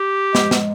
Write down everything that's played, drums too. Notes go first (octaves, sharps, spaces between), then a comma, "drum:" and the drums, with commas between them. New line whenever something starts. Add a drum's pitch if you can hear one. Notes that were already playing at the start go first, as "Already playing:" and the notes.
Already playing: G4
G#3, drum: snare
drum: snare